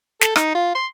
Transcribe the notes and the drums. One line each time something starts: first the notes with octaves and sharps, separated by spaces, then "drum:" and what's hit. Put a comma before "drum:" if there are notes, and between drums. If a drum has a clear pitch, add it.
A4, drum: snare
D#4, drum: rim click
F4
C6